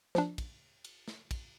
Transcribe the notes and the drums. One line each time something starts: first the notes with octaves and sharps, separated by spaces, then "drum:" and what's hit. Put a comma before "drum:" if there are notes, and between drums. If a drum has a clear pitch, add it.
F3 D4, drum: snare
drum: kick, cymbal
drum: cymbal
drum: snare
drum: kick, cymbal